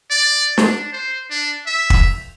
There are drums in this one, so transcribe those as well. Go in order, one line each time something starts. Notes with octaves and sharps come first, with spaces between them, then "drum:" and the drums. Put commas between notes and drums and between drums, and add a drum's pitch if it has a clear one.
D5
D4, drum: snare
C5
D4
E5
drum: kick